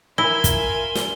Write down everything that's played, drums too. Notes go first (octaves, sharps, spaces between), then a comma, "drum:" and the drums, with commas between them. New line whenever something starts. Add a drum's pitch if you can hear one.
E4 F4 A#4 E5 G#5 G7
drum: kick, hi-hat
drum: snare